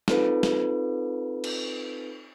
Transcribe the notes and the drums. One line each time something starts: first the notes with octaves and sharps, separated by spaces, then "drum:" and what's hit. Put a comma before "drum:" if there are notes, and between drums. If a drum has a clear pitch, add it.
C4 D#4 F4 A4 B4, drum: snare
drum: snare
drum: cymbal